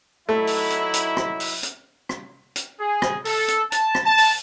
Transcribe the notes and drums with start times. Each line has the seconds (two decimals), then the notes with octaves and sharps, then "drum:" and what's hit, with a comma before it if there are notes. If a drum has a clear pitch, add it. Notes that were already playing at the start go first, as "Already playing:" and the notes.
0.29 F#3 A3 D#4 E4
0.47 drum: open hi-hat
0.70 drum: hi-hat
0.94 drum: hi-hat
1.17 drum: rim click
1.40 drum: open hi-hat
1.63 drum: hi-hat
2.09 drum: rim click
2.56 drum: hi-hat
2.80 G#4
3.02 drum: rim click
3.25 A4, drum: open hi-hat
3.48 drum: hi-hat
3.72 A5, drum: hi-hat
3.95 drum: rim click
4.06 A5
4.18 drum: open hi-hat